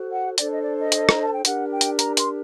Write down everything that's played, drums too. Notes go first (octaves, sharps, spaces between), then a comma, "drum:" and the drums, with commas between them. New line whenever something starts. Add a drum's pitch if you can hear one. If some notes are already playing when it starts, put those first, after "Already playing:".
Already playing: F#4 A4 C5
F#5
D4 A4 C5 D5, drum: hi-hat
D#5
D5
D#5
drum: hi-hat
A#5, drum: rim click
A5
G5
D4 G4 A#4 F#5, drum: hi-hat
G5
drum: hi-hat
A#5, drum: hi-hat
C6, drum: hi-hat